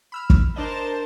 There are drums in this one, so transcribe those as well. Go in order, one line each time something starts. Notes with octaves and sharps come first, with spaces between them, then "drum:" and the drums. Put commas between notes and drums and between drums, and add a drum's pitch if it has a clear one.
B5 E6 F6
drum: kick
D4 A#4 C5 D5 D#5 A5